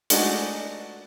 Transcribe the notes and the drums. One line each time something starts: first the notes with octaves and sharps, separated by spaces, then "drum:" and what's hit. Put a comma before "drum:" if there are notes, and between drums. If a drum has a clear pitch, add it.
G#3 A3 D4 D#4 F#4 G#4, drum: hi-hat